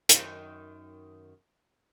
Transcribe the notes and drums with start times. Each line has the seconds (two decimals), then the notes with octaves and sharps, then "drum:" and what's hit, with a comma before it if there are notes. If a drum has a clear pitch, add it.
0.09 F#2 D#3, drum: hi-hat